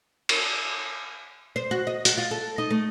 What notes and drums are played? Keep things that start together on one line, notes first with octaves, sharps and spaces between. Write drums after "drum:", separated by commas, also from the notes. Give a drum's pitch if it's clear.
drum: cymbal
C5
F#4
D#5
F#4, drum: hi-hat
F4
A4
D#4
A3